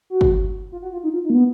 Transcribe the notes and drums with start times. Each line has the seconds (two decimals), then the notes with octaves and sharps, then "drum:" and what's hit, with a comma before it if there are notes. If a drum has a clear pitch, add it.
0.10 F#4
0.21 drum: kick
0.72 F4
0.82 F#4
0.93 F4
1.04 D#4
1.14 F4
1.25 D#4
1.30 A#3
1.35 B3